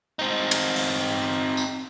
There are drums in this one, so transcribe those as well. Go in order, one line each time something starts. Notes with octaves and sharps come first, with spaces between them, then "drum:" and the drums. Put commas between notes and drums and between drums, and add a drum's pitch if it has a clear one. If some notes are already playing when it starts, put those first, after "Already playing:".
C4 D#4
drum: cymbal
drum: open hi-hat
drum: tambourine